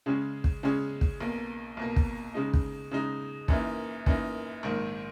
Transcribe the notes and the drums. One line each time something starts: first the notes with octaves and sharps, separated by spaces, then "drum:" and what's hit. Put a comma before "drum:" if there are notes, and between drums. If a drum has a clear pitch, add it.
C#3 G#3 C#4 G#4
drum: kick
C#3 G#3 C#4 G#4
drum: kick
B1 B2 A#3
B1 B2 A#3
drum: kick
C#3 G#3 D#4
drum: kick
C#3 G#3 D#4
F#2 E3 A#3 D#4, drum: kick
F#2 E3 A#3 D#4, drum: kick
A#1 G#2 D#3